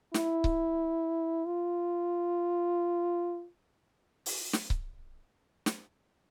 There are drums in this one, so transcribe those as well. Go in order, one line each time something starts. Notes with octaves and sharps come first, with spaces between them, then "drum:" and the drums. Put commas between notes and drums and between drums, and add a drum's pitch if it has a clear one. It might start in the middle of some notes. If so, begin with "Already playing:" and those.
E4, drum: snare
drum: kick C#1
F4
drum: open hi-hat
drum: snare
drum: kick C#1
drum: snare